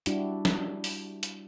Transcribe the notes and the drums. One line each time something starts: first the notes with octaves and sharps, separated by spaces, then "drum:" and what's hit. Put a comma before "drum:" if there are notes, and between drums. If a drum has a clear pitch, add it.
G3 D4 E4 F#4 G4, drum: hi-hat
drum: snare
drum: open hi-hat
drum: hi-hat